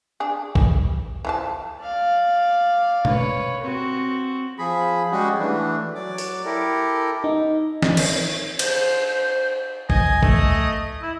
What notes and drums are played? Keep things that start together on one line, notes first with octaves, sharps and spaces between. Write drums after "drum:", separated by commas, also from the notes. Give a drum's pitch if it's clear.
D4 G#4
G3, drum: kick
E3 F3 A5
D5 F5
B4 C#5, drum: tom B2
C4 F#4
F3 G#4 B5
G3 G#3 C#4 F#4 G#4
E3 A3 D4
F#3 D5 D6
drum: open hi-hat
E4 G4 A4 A#4
D#4
drum: snare
drum: cymbal
C5, drum: cymbal
D#5 G#5, drum: kick
A3, drum: kick
E4